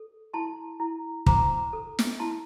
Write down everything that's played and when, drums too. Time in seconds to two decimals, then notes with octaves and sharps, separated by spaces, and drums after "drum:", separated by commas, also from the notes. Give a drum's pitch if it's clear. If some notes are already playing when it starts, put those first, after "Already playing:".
Already playing: A4
0.33 E4 A5 C6
0.80 E4
1.26 C5 A#5 D6, drum: kick
1.73 A4
1.99 drum: snare
2.19 E4 A5 C6